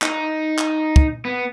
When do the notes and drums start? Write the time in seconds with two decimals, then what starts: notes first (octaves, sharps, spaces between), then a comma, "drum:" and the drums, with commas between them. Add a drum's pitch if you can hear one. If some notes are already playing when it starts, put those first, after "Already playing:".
0.02 D#4, drum: clap
0.58 drum: clap
0.96 drum: kick
1.25 B3